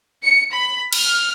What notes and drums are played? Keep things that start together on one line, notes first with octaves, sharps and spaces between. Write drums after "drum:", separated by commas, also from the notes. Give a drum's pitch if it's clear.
C#7
B5
F6, drum: cymbal